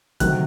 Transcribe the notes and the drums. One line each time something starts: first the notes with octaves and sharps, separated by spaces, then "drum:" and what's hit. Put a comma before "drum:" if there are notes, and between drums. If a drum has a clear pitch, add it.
D2 C3 D#3 F#3 F#6, drum: kick, hi-hat